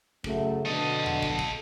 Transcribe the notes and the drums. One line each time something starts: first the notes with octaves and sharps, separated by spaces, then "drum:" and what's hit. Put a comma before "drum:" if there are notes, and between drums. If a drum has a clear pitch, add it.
F#2 C#3 A3, drum: kick
B2 D3 A4 D#5
drum: tom E2
drum: kick
drum: kick